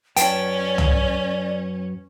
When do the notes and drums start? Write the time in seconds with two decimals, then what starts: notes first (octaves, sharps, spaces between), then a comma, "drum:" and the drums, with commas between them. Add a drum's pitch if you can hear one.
0.17 F#2 C#4 B4 D5 G5 A5, drum: hi-hat
0.78 drum: tom